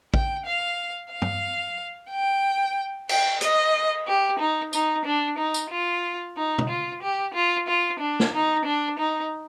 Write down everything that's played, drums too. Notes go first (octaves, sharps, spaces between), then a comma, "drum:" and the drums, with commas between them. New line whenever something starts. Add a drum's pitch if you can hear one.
G5, drum: kick
F5
F5
drum: tom
G5
G5, drum: cymbal
D#5, drum: hi-hat
G4
D#4
D#4, drum: tambourine
D4
D#4
drum: tambourine
F4
D#4
drum: tom B2
F4
G4
F4
F4
D4
drum: snare
D#4
D4
D#4